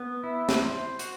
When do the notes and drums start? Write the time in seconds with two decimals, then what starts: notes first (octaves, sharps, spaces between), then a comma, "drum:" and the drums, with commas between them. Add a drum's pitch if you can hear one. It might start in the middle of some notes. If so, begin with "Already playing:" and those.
Already playing: B3
0.23 E4
0.49 drum: snare
0.62 C5
0.99 F#4, drum: hi-hat